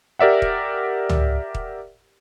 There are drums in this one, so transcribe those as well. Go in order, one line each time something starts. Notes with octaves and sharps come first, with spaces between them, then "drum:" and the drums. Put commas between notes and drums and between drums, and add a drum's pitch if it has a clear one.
G4 A#4 D5 E5 F#5
drum: kick D#1
drum: tom C#2
drum: kick D#1